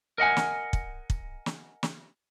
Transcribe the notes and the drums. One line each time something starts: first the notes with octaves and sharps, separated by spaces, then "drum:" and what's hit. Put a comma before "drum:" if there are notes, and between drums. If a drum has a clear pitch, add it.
A#4 D#5 F#5 G#5
drum: snare
drum: kick
drum: kick
drum: snare
drum: snare